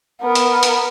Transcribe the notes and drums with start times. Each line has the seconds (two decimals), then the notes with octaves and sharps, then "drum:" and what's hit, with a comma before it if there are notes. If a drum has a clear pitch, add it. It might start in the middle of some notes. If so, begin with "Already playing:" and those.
0.22 B3 A#4
0.35 drum: hi-hat
0.63 drum: hi-hat